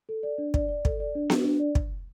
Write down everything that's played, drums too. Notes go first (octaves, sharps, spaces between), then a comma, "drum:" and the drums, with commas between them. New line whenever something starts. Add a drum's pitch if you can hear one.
A4
D5
D4
D5, drum: kick
D5
A4, drum: kick
D5
D4
F#4, drum: snare B3
D4
D5
drum: kick